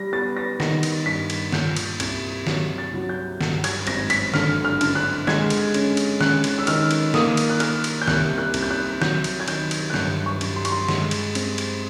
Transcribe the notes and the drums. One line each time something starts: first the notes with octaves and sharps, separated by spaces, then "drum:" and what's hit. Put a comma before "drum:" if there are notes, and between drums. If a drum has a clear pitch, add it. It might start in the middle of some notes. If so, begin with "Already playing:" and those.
Already playing: G3 A#6
B3 A6
A#6
D#3 A#6, drum: snare
drum: cymbal
G2 B6
drum: cymbal
A#2 G6, drum: snare
drum: cymbal
C2 G#6, drum: cymbal
F#3, drum: snare
A6
F#3
G6
G2, drum: snare
G#6, drum: cymbal
G#1 A#6, drum: cymbal
B6, drum: cymbal
D3 F6, drum: snare
F6
D3, drum: cymbal
F#6
G#3 G#6, drum: snare
drum: cymbal
C#4, drum: cymbal
drum: cymbal
C#4 F#6, drum: snare
drum: cymbal
E6
D#3 F6, drum: cymbal
drum: cymbal
A#3 D#6, drum: snare
drum: cymbal
F#6
A#3 F6, drum: cymbal
drum: cymbal
G6
C2 F#6, drum: snare
F#6
C2, drum: cymbal
G6
F#6
F#3 G6, drum: snare
drum: cymbal
G#6
D#3 G6, drum: cymbal
drum: cymbal
F#6
G2 G6, drum: snare
C#6
G2, drum: cymbal
C6
C#6, drum: cymbal
C6
G#3, drum: snare
drum: cymbal
C4, drum: cymbal
drum: cymbal